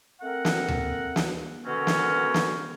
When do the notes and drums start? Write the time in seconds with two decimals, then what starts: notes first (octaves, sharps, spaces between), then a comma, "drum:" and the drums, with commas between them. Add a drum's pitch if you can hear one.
0.21 A3 C4 A#4 F#5
0.45 drum: snare
0.68 drum: tom D2
1.16 drum: snare
1.66 B2 D3 D#3 A#3 C4 C#4
1.87 drum: snare
2.34 drum: snare